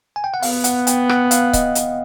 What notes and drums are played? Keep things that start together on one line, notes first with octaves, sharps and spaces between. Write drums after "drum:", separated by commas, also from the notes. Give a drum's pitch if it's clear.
G#5
G5
F#5
B3 F5, drum: open hi-hat
F#5, drum: hi-hat
G5, drum: hi-hat
F#5, drum: rim click
F5, drum: hi-hat
D#5, drum: kick C#1, hi-hat
drum: hi-hat